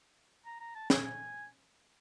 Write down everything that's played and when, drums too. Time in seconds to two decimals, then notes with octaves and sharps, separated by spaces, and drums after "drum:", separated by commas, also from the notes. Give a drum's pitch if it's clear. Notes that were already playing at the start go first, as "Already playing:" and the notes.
0.45 A#5
0.60 A#5
0.75 A5
0.90 G#5, drum: snare
1.05 G#5